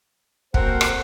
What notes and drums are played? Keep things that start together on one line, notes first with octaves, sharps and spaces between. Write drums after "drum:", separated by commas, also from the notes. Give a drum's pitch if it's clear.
A#3 C4 F#4 A4 A#4 C5 F#5, drum: kick
drum: rim click